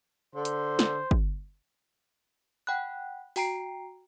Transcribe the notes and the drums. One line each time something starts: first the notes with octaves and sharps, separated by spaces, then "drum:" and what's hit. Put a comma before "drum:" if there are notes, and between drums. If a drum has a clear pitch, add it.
D3 C5
drum: hi-hat
drum: snare
drum: kick
F#5 G5 B5 F#6
F#4 G5 A#5 C7 D7, drum: open hi-hat